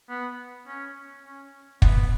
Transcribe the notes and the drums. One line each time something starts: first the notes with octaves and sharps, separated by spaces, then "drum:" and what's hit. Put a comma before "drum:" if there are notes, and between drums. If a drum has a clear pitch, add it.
B3
C#4
C#4
B3, drum: kick